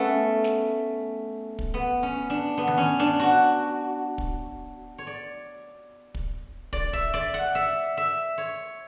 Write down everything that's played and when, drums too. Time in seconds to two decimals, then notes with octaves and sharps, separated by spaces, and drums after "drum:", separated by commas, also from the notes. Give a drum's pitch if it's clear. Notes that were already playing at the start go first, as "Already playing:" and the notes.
Already playing: A3 B3 C#4
0.44 drum: snare
1.59 drum: kick
1.74 B3
2.03 C#4
2.30 D4
2.58 B3
2.68 drum: tom D#3
2.78 C#4
3.00 D4
3.20 F#4
4.18 drum: kick
4.98 C#5
5.07 D5
6.15 drum: kick
6.73 D5, drum: kick
6.93 E5, drum: kick
7.14 D5
7.34 F#5
7.55 E5
7.97 E5
8.38 C#5